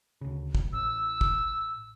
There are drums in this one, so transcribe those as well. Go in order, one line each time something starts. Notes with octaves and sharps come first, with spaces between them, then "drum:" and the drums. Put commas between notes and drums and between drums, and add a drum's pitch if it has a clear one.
D2 C#3
drum: kick
A1 E6
drum: kick